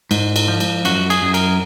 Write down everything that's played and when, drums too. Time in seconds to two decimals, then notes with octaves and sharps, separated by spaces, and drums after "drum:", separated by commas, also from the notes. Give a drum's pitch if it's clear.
0.11 G#2, drum: cymbal
0.36 drum: cymbal
0.48 F3
0.60 drum: cymbal
0.85 F#2 F#4, drum: cymbal
1.10 G#4, drum: cymbal
1.22 F#2
1.34 A#4, drum: cymbal